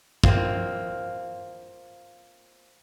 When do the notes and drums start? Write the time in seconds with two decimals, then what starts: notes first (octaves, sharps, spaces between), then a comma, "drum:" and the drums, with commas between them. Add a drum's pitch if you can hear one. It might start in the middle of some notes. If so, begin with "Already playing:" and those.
0.24 A#3 C4 F4, drum: kick